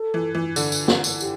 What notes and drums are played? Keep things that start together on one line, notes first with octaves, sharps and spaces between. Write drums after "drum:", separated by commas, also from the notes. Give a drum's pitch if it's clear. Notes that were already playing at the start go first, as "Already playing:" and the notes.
Already playing: A4
E3
E3
D3, drum: tambourine
drum: tambourine
drum: snare
drum: tambourine
G4, drum: tambourine